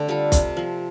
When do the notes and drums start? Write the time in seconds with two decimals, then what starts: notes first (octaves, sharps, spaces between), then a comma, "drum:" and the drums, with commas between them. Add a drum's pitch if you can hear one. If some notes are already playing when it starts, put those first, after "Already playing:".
Already playing: D3 A3 C4 G4
0.08 G3 F4 A4
0.32 C3, drum: kick, hi-hat
0.57 F3 C4